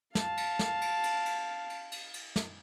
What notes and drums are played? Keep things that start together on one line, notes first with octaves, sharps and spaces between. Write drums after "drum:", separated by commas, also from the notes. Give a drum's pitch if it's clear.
F5 A5, drum: snare
drum: cymbal
drum: snare
drum: cymbal
drum: cymbal
drum: cymbal
drum: cymbal
drum: cymbal
drum: cymbal
drum: snare